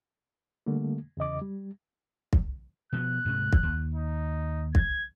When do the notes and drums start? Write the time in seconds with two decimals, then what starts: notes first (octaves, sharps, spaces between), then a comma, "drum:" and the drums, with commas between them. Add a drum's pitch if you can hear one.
0.66 D3 G3 A3 A#3
1.17 E2 C#3 D#5 D6
1.41 G3
2.33 drum: kick
2.93 B2 F3 B3 F#6
3.25 D2 G#2 C3
3.53 drum: kick
3.63 D#2
3.95 D#4
4.75 G#6, drum: kick